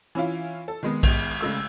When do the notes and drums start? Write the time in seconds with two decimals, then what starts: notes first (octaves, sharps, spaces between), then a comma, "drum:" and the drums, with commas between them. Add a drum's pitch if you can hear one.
0.15 E3 C#4 E4 F4
0.68 A4
0.83 D#3 G#3 B3
1.03 drum: kick A#1, cymbal
1.41 C#3 G#3 A3 E6